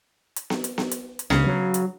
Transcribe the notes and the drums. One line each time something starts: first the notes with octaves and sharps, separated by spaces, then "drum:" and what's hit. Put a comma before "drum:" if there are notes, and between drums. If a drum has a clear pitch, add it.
drum: hi-hat
drum: snare B3
drum: hi-hat
drum: snare B3
drum: hi-hat
drum: hi-hat
C#2 C#3, drum: snare B3
F#3
drum: hi-hat